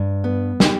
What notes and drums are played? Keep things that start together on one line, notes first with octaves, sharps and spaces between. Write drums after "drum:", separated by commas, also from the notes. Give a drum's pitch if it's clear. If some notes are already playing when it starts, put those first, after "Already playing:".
Already playing: G2
B3
G4, drum: snare